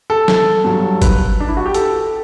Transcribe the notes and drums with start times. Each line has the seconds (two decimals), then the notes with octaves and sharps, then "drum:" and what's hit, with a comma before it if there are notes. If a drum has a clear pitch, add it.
0.10 A4
0.28 A4, drum: snare
0.64 G2 F#3
1.02 B4, drum: kick G1, hi-hat
1.40 D4
1.48 E4
1.57 F#4
1.66 G4
1.74 A4, drum: hi-hat